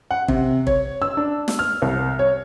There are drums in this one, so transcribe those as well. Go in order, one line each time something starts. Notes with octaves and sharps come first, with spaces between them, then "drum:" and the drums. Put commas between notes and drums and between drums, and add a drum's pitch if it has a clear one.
F#5
C3, drum: kick
C#5, drum: kick
E6
D4
drum: snare
F6
C2
C#5